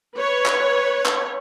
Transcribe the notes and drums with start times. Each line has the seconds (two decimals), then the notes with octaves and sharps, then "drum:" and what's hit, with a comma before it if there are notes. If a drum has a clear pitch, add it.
0.16 B4 C#5
0.46 drum: clap
1.06 drum: clap